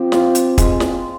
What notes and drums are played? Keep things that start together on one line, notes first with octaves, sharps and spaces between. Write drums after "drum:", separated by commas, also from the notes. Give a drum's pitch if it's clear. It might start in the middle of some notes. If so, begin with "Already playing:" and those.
Already playing: F3 C4 G4
F4, drum: snare
drum: hi-hat
G#3, drum: kick, hi-hat
drum: snare